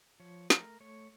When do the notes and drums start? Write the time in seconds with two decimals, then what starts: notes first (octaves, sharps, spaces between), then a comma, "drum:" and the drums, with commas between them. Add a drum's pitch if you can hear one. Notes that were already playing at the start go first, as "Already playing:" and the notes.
0.20 F3 C#5
0.50 A3 A#4, drum: snare
0.80 A3 C#5